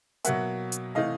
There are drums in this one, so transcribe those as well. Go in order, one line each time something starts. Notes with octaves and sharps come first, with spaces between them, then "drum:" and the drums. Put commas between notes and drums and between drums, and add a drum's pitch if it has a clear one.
B2 F#3 A#3 E5 F#5, drum: hi-hat
drum: hi-hat
C3 E3 A3 D#5 F5